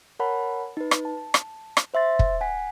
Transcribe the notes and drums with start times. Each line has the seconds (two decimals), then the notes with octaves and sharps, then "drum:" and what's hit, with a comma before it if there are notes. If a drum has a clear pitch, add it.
0.20 A#4 C#5 F#5 A5 B5
0.77 D#4 B4
0.91 drum: rim click
1.05 A5
1.34 drum: rim click
1.77 drum: rim click
1.94 C5 E5 C6 A6
2.19 drum: kick
2.41 F#5 G#5 B6